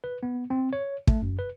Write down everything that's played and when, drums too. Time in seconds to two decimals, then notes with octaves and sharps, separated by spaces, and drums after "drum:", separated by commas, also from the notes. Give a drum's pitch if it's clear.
0.04 B4
0.23 B3
0.50 C4
0.73 C#5
1.07 A3, drum: kick
1.22 F#2
1.39 B4